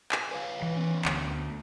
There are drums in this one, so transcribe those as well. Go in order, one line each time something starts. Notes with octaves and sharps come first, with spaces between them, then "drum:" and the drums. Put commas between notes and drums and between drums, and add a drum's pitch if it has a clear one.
G#5, drum: clap
B4 C#5 F5
E3
B3 C#4
D2, drum: clap